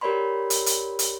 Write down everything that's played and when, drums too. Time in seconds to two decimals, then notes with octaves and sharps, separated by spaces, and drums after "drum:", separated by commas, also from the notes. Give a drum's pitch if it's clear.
0.01 G4 A#4 C#5 D5 B5 C6
0.50 drum: hi-hat
0.66 drum: hi-hat
0.99 drum: hi-hat